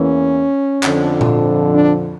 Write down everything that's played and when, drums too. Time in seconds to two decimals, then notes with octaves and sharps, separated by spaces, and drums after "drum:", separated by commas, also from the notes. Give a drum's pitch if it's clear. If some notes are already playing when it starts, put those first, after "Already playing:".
Already playing: E2 E3 A#3 C#4
0.83 F2 D3 F3, drum: clap
1.21 drum: tom A#2
1.74 D4